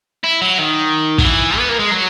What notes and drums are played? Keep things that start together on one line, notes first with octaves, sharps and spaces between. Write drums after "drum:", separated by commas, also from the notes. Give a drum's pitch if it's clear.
E4
F#3
D#3
F#3, drum: kick
E3
B3
A#3
G#3
F#3